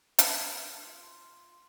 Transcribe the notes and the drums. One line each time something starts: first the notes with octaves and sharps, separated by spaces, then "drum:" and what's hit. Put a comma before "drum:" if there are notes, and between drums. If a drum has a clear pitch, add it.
F#4 A#4 B4 F5, drum: hi-hat
F4